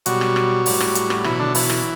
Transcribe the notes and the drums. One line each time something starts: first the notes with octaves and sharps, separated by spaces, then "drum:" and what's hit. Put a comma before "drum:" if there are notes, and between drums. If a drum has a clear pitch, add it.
B2 F#3 G3 F#4, drum: hi-hat
drum: rim click
drum: rim click
A2 G3, drum: open hi-hat
drum: rim click
drum: hi-hat
drum: rim click
B2 E3 F#3 E4, drum: rim click
D3 D4
E3 E4, drum: open hi-hat
drum: rim click